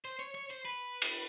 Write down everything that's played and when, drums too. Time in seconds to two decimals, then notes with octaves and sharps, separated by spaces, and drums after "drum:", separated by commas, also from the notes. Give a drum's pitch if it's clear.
0.05 C5
0.19 C#5
0.35 C#5
0.51 C5
0.65 B4
1.02 drum: cymbal